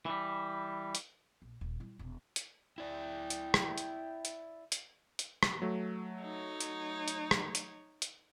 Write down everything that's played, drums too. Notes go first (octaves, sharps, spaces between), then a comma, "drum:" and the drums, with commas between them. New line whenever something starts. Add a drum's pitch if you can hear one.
E3 G3
drum: hi-hat
A#1
D#1
G3 E4
E1 C3
drum: hi-hat
E4 D5 G5
drum: hi-hat
drum: rim click
drum: hi-hat
drum: hi-hat
drum: hi-hat
drum: hi-hat
drum: rim click
F#3 A3
D#4 C#5
drum: hi-hat
drum: hi-hat
drum: rim click
drum: hi-hat
drum: hi-hat